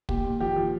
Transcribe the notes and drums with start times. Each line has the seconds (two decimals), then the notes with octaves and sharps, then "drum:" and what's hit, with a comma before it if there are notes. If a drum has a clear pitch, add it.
0.09 A#2 G4, drum: kick
0.25 A#2
0.40 F3 G4
0.56 F3